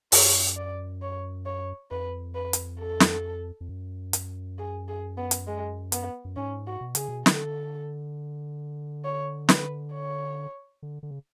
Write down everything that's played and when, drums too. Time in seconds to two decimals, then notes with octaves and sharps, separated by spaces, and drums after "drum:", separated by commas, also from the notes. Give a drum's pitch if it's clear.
0.12 F#2 C#5, drum: open hi-hat
0.57 D5
1.02 C#5
1.46 C#5
1.91 F2 B4
2.35 B4
2.53 drum: hi-hat
2.79 A4
3.00 drum: snare
3.60 F2
3.69 F#2
4.13 drum: hi-hat
4.59 G#4
4.88 G#4
5.17 B3
5.31 drum: hi-hat
5.47 G#3
5.92 B3, drum: hi-hat
6.25 F#2
6.36 G#2 C#4
6.67 F#4
6.81 B2
6.95 C#3 G#4, drum: hi-hat
7.09 B2
7.26 D3 A4, drum: snare
9.05 C#5
9.49 B4, drum: snare
9.94 C#5
10.82 D3
11.03 D3
11.11 C#3